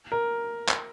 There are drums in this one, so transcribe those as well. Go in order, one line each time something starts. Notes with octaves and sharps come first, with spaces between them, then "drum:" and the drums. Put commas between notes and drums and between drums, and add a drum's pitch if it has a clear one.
A#4
drum: clap